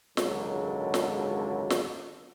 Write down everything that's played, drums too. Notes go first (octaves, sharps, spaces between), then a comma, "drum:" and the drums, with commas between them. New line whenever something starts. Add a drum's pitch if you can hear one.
G#1 C#2 F#2 D3 F#3, drum: snare
drum: snare
drum: snare